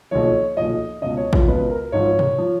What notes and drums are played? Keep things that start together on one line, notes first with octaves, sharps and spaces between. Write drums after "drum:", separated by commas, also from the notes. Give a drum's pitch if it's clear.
B1 A#2 F3 C#5
B1 A#2 F3 D#5
C#2 B2 D#5
C#5
F4, drum: kick A1
C#2 B2 B4
A#4
G#1 G#2 F3 C#5
drum: tom
F3